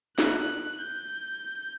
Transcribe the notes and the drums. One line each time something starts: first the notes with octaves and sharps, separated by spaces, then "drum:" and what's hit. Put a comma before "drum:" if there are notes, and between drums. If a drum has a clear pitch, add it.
F#6, drum: snare
G6